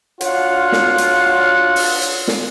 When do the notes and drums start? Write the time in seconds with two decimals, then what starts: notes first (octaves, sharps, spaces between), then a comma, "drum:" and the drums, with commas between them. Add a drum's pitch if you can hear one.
0.21 D4 F4 F#4 C#5 F5 F#5, drum: hi-hat
0.72 drum: snare
0.98 drum: hi-hat
1.76 drum: open hi-hat
2.02 drum: hi-hat
2.28 drum: snare